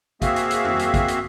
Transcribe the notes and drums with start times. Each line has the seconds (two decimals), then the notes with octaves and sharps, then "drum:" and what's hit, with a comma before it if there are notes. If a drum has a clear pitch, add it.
0.22 A#3 C4 F#4 G#4 E5 F5, drum: kick, hi-hat
0.36 drum: hi-hat
0.50 drum: hi-hat
0.65 drum: tom F2
0.79 drum: hi-hat
0.94 drum: kick, hi-hat
1.08 drum: hi-hat